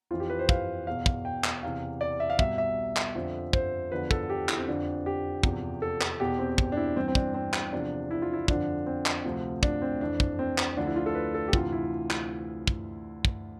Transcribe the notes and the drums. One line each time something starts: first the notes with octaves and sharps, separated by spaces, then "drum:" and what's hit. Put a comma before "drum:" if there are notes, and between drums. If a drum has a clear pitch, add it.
F2 E3 F4
G4
B4
C5
F5, drum: kick
E2 B2 F5
drum: kick
G5
drum: clap
E2 C3 E3 F5
D5
E5
F5
C2 B2 E5, drum: kick
E5
drum: clap
F2 D3 F3
C5, drum: kick
E2 D3 F3 B4
A4, drum: kick
G4
E4, drum: clap
C4
F2 D3 F3 D4
G4
E2 C3 F3, drum: kick
A4
A4, drum: clap
E2 B2 G4
C4
drum: kick
D4
E4
G2 E3 C4
C4
D4, drum: kick
C4
drum: clap
E2 C3 F3 D4
E4
F4
E4
F2 D3 F3 D4, drum: kick
C4
drum: clap
D2 C3 F3
D4, drum: kick
C4
F2 E3 D4
drum: kick
C4
drum: clap
D2 D3 F3 D4
E4
F4
A4
B4
A4
G4
D2 C3 E3 F4, drum: kick
E4
drum: clap
drum: kick
drum: kick